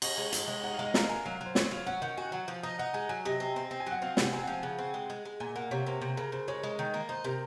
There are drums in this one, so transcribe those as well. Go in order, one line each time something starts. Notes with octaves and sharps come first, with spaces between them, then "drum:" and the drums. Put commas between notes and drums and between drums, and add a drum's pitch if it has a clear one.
C#4 D#5, drum: cymbal
G#3
G#3, drum: hi-hat
G#3
D#4 F#5
G#3 F5
D#5
A#4 F5, drum: snare
A#4 G#5
F#3 F5
F5
F#3 C5
F#3 C#5, drum: snare
F#3 F5
C#4 F#5
D#3 F#5
F#4 G#5
F#3 F#5
F3
D#4 D#5
D#4 F#5
G#3 G#5
F#3 G#5
C3 D#5
C4
C4
C4
G#5
F#3 F#5
C4 F5
C3 F#5, drum: snare
C4 G#5
F3 F#5
G#5
C#3 F#5
C4 F#5
G#3
G#3
G#3
A#2 G#5
A#3 F#5
C3 C#5
A#3 C5
C3
C#3 A#4
C#3 C5
G#3 C#5
G#3
D#3
A#3
D#4 C5
C3 A#4